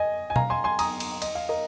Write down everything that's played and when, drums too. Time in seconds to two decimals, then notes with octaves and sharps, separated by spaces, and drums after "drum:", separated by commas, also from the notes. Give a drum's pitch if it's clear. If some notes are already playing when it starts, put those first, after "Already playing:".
Already playing: D#5 G#5
0.30 G#5
0.36 F5 A#5, drum: tom B2
0.50 G#5 C6
0.64 G#5 C6
0.79 A#5 D#6, drum: cymbal
1.00 drum: cymbal
1.22 D#5, drum: cymbal
1.35 F5
1.49 A#4 D#5